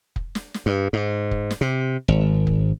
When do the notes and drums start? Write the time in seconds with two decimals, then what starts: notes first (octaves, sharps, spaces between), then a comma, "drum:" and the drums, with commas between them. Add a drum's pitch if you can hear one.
0.16 drum: kick
0.35 drum: snare
0.54 drum: snare
0.66 G2
0.93 G#2
1.31 drum: kick
1.51 drum: snare
1.61 C3
2.08 G#1
2.47 drum: kick